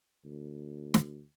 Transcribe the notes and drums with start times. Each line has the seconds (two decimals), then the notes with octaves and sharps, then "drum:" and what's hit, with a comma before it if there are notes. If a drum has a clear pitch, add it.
0.25 D2
0.94 drum: snare